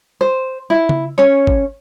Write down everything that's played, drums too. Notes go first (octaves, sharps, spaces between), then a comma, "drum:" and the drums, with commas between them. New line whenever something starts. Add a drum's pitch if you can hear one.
C5
E4
drum: tom C#3
C#4 C#5
drum: kick